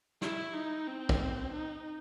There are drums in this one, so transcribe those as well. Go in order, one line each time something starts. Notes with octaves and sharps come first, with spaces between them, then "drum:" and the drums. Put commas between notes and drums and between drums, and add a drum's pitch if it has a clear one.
E4, drum: snare
D#4
C4
drum: kick
D#4